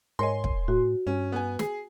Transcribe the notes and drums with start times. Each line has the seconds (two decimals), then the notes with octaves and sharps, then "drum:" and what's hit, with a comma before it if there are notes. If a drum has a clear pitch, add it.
0.19 G#2 A#4 C#5 D#5 G#5 C6
0.44 drum: kick
0.68 A2 F#4
1.07 G2 C#4
1.32 B3 G#5
1.59 G#4, drum: snare